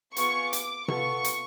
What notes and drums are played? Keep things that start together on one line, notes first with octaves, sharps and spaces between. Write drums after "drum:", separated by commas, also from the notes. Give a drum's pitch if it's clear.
B3 F4 G#4 C#6, drum: hi-hat
D6, drum: hi-hat
B3 F4 A4 C#6, drum: tom C3
drum: hi-hat